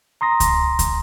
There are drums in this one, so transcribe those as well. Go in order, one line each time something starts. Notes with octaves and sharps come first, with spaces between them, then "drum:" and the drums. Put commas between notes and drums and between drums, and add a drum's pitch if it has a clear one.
A#5 C6 D#6 A#6
drum: kick C#2, hi-hat
drum: kick C#2, hi-hat